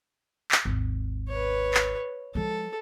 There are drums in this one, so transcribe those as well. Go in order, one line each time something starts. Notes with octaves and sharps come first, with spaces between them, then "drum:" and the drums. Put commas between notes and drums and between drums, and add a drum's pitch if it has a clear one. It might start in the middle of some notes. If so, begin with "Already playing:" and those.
drum: clap
G#1 D#2
B4 C#5
drum: clap
F3 G#3 A4